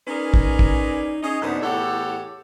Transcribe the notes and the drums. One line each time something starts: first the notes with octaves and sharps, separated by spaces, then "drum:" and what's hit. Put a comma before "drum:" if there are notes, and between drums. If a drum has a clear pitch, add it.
C#4 D#4 G#4 A#4 B4 D5
drum: kick
drum: kick
C#4 D#4 G#4 D#5
F#2 C3 B3 D4 D#4
E2 A2 G4 A4 C#5 F#5